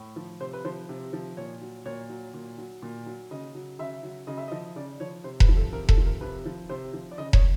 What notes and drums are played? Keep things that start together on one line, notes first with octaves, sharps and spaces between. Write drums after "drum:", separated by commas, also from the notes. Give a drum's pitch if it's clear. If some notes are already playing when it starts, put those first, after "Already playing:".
Already playing: A2
F3
C3 C5
B4
F3 C5
C3
F3
A#2 C#5
F#3
A#2 C#5
F#3
A#2
F#3
A#2
F#3
C#3 D#5
F#3
C#3 E5
F#3
C#3 D#5
E5
D#5
F3
C#3 D5
F3 C#5
C3 C5
B4, drum: kick E1
F3
A4
C3 A#4
A4, drum: kick E1
F3
A#4
C3 B4
F3
C3 C5
F3
D5
C#3 D#5
C#5, drum: kick E1